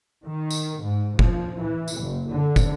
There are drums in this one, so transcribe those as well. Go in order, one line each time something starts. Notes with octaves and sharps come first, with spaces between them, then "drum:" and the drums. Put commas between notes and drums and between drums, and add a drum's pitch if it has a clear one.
D#3
drum: tambourine
G#2
F3, drum: kick
E3
drum: tambourine
F#1
D3
drum: kick, tambourine